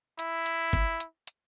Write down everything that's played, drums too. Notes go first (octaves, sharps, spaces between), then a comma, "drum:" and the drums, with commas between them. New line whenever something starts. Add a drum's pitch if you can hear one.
E4, drum: hi-hat
drum: hi-hat
drum: kick, hi-hat
drum: hi-hat
drum: hi-hat